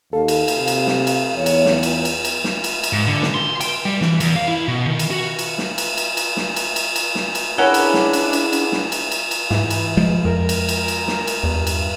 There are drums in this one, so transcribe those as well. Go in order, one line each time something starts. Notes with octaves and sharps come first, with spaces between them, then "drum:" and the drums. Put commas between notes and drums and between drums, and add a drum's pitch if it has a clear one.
D#2 A4 F5
drum: cymbal
drum: cymbal
C3
drum: cymbal
drum: snare
drum: cymbal
E2 C#5
drum: cymbal
drum: snare
F4, drum: cymbal
drum: cymbal
drum: cymbal
drum: snare
drum: cymbal
drum: cymbal
G#2
D3
drum: snare
C6
G5, drum: cymbal
G3
E3, drum: snare
E2, drum: cymbal
F5
E4
B2
D#3
drum: cymbal
F#4
drum: cymbal
drum: snare
drum: cymbal
drum: cymbal
drum: cymbal
drum: snare
drum: cymbal
drum: cymbal
drum: cymbal
drum: snare
drum: cymbal
C#4 D4 E4 G#4 A#4 B4 C#5 F#5
drum: cymbal
drum: snare
drum: cymbal
drum: cymbal
drum: cymbal
drum: snare
drum: cymbal
drum: cymbal
drum: cymbal
G#2 E3, drum: snare
drum: cymbal
F3 G#3
F2 A#4
drum: cymbal
drum: cymbal
drum: cymbal
drum: snare
drum: cymbal
E2 G2
drum: cymbal